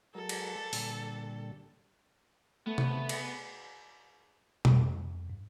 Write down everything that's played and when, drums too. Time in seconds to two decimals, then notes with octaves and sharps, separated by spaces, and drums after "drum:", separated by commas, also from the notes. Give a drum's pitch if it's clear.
0.15 F#3 G#3 A4 A#4
0.29 drum: cymbal
0.73 A#2 D3 G3, drum: open hi-hat
2.66 A3 B3
2.78 drum: tom C3
3.09 drum: cymbal
4.65 F2, drum: tom B2
5.30 G2